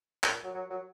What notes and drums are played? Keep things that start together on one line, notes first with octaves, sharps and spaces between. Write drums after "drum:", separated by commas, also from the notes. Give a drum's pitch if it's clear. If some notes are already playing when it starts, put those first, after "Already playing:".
A#2, drum: clap
F#3
F#3
F#3